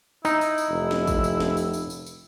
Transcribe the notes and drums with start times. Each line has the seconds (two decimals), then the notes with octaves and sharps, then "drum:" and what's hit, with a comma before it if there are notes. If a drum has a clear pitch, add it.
0.25 D#4 E4, drum: tambourine
0.41 drum: tambourine
0.58 drum: tambourine
0.70 F1
0.91 drum: snare
1.07 drum: kick, tambourine
1.24 drum: tambourine
1.40 drum: snare
1.57 drum: tambourine
1.73 drum: tambourine
1.90 drum: tambourine
2.06 drum: tambourine